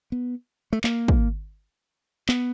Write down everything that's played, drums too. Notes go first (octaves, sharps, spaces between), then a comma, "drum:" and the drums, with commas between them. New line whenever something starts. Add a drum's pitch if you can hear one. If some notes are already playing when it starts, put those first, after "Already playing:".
B3
A3
A#3, drum: clap
drum: kick
B3, drum: clap